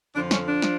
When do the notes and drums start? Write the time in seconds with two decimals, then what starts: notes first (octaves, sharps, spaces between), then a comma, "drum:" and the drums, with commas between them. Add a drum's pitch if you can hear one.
0.15 F2 D3 F3 D4
0.31 C#4, drum: snare
0.46 D4
0.62 F3, drum: snare